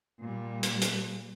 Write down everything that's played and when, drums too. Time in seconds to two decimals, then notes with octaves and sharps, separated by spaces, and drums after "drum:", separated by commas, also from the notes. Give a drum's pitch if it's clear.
0.20 A#2 G3
0.63 drum: hi-hat
0.82 drum: hi-hat